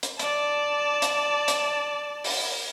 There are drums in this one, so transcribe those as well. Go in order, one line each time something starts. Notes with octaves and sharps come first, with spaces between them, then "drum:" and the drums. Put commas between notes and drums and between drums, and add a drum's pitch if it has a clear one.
drum: hi-hat
D5 A5, drum: hi-hat
drum: hi-hat
drum: hi-hat
drum: open hi-hat